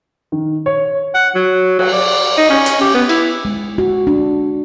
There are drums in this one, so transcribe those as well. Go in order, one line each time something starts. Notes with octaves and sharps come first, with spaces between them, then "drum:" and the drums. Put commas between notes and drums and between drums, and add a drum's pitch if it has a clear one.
D#3
C#5
F#5
F#3
F#3, drum: cymbal
D5
D#4
C#4
drum: hi-hat
G4
B3
E4, drum: cymbal
G#3
F#4
D4